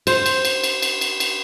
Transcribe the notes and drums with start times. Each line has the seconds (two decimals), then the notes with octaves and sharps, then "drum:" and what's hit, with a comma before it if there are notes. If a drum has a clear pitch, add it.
0.07 C5, drum: cymbal
0.26 drum: cymbal
0.45 drum: cymbal
0.64 drum: cymbal
0.82 drum: cymbal
1.01 drum: cymbal
1.20 drum: cymbal